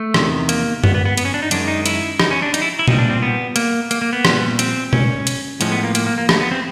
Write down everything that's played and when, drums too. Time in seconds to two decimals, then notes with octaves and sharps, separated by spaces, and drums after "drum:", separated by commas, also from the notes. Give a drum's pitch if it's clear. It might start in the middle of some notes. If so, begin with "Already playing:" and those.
Already playing: A3
0.14 E2 C3 D#3, drum: rim click
0.49 A#3, drum: hi-hat
0.84 B3, drum: tom F#2
0.95 B3
1.05 B3
1.17 B3, drum: hi-hat
1.25 C#4
1.34 D4
1.42 D#4
1.51 F#2 D#3 G#3 D4, drum: hi-hat
1.68 D#4
1.86 E4, drum: hi-hat
2.20 D#4, drum: rim click
2.31 C#4
2.42 D4
2.54 D#4, drum: hi-hat
2.62 E4
2.79 E4
2.88 A#2 G3 D#4, drum: tom B2
2.99 D4
3.10 C4
3.22 B3
3.56 A#3, drum: hi-hat
3.91 A#3, drum: hi-hat
4.01 A#3
4.13 B3
4.25 A#2 G3, drum: rim click
4.59 C4, drum: hi-hat
4.93 C#4, drum: tom B2
5.27 drum: hi-hat
5.61 A2 F3 G#3 C#4, drum: hi-hat
5.72 B3
5.83 A#3
5.95 A#3, drum: hi-hat
6.06 A#3
6.18 A#3
6.29 A3, drum: rim click
6.40 B3
6.51 C4